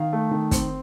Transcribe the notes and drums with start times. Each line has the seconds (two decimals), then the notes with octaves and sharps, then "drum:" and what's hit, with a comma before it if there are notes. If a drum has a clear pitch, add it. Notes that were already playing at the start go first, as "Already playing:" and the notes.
Already playing: D#3 F5
0.13 A3
0.31 D#3
0.51 C4, drum: kick, hi-hat